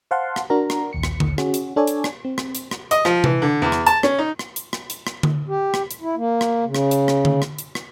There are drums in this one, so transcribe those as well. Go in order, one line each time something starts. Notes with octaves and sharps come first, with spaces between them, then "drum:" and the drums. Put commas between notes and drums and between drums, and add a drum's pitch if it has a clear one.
C5 F5 F#5 A5 C6
drum: rim click
D4 F#4 A#4 A#5
drum: rim click
A#1 D#2 C#7
drum: rim click
drum: tom D3
C#4 F#4 G#4, drum: rim click
drum: hi-hat
D4 A4 C#5 D5 G#5
drum: hi-hat
drum: rim click
C4
drum: rim click
drum: hi-hat
drum: rim click
D#5, drum: hi-hat
F3, drum: rim click
E3, drum: tom C3
D3
E2
drum: rim click
A5, drum: hi-hat
C#4, drum: rim click
D#4
drum: rim click
drum: hi-hat
drum: rim click
drum: hi-hat
drum: rim click
drum: tom D3
G4
drum: rim click
drum: hi-hat
E4
A#3
drum: rim click
C#3
drum: rim click
drum: hi-hat
drum: rim click
drum: tom D3
drum: rim click
drum: hi-hat
drum: rim click